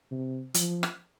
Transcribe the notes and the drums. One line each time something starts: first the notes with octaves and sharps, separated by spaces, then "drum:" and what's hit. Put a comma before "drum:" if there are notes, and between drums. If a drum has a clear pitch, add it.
C3
F3, drum: hi-hat
drum: rim click